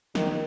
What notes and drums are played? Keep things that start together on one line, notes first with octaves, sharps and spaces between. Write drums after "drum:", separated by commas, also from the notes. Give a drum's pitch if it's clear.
D#3, drum: snare